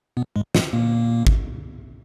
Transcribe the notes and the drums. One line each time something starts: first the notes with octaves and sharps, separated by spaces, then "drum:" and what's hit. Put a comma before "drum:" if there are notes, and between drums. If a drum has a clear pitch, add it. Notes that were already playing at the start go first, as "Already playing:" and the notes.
B2 B3
G#2 G#3
G#2 G#3, drum: snare
A#2 A#3
drum: kick